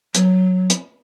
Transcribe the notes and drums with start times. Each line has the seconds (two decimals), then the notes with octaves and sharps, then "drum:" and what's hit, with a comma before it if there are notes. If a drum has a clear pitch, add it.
0.15 F#3, drum: hi-hat
0.70 drum: hi-hat